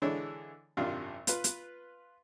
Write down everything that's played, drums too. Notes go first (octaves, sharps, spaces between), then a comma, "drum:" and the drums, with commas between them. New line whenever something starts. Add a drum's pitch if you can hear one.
D3 E3 G#3 D4 E4 C#5
G#1 F#2 C3 D4 F4 F5
F4 B4, drum: hi-hat
drum: hi-hat